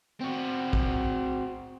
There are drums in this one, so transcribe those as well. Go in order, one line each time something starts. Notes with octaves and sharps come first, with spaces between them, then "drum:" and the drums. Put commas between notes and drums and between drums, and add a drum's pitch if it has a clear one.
C4 F#4
drum: kick